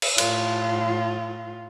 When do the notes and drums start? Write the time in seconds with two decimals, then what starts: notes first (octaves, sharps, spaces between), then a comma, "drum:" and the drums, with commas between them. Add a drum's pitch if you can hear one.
0.02 drum: cymbal
0.18 A2 F4, drum: cymbal